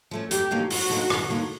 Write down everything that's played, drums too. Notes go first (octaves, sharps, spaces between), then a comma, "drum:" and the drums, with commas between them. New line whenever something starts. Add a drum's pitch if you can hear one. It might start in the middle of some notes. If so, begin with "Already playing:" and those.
F3 A3 C#4
F#2 G4, drum: hi-hat
D3 F#3 A#3 D#4
F#2 F#4, drum: open hi-hat
D3 F#3 A#3 D#4
F#2, drum: rim click
D3 F#3 A#3 D#4